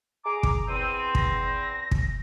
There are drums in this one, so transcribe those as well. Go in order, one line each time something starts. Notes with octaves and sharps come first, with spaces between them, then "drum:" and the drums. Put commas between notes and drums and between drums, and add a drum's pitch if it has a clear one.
G#4 A#5 D6
drum: kick
E2 C4 D#7
A#6, drum: kick
drum: kick